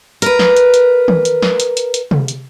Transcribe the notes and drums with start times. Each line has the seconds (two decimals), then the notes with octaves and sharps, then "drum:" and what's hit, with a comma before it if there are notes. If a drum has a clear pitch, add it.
0.22 A#4 B4, drum: hi-hat
0.39 drum: snare
0.57 drum: hi-hat
0.74 drum: hi-hat
1.08 drum: tom D#3
1.25 drum: hi-hat
1.42 drum: snare
1.60 drum: hi-hat
1.77 drum: hi-hat
1.94 drum: hi-hat
2.11 drum: tom C3
2.28 drum: hi-hat